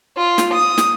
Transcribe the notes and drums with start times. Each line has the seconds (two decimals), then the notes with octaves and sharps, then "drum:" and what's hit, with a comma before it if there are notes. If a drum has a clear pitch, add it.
0.18 F4
0.38 drum: snare
0.54 D#6
0.78 drum: snare